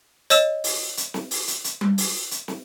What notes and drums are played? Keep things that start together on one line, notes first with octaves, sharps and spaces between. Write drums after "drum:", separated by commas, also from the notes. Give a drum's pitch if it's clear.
C#5 D#5 E6 E7, drum: hi-hat
drum: open hi-hat
drum: hi-hat
drum: snare
drum: open hi-hat
drum: hi-hat
drum: hi-hat
drum: tom G3
drum: open hi-hat
drum: hi-hat
drum: snare